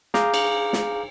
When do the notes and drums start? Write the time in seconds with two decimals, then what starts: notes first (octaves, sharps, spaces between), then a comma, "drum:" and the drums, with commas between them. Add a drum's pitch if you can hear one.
0.14 G#4 F5 A#5 D6 G6, drum: snare
0.34 drum: cymbal
0.73 drum: snare